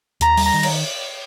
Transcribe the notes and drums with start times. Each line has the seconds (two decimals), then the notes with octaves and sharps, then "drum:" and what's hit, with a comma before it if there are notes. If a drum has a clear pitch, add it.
0.21 D#2 A#5, drum: hi-hat
0.37 G3, drum: open hi-hat
0.46 A#5
0.54 D#3
0.63 drum: cymbal